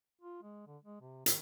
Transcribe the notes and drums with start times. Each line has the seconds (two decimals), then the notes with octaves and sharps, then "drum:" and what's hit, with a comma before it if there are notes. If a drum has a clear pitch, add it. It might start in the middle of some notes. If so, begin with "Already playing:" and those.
0.21 F4
0.43 G#3
0.67 D3
0.84 G#3
1.01 C3
1.26 D#3, drum: hi-hat